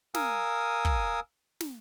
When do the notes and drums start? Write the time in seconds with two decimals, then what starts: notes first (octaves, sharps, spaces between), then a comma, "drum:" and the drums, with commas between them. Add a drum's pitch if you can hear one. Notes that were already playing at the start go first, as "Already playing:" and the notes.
0.15 A#4 F5 G#5 D#6 E6, drum: snare
0.85 drum: kick
1.61 drum: snare